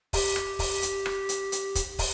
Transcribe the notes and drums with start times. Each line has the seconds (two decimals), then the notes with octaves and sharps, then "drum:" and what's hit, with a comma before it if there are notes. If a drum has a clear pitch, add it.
0.13 G4, drum: kick, open hi-hat
0.36 drum: rim click
0.59 drum: kick, open hi-hat
0.82 drum: hi-hat
1.06 drum: rim click
1.29 drum: hi-hat
1.52 drum: hi-hat
1.75 drum: kick, hi-hat
1.99 drum: kick, open hi-hat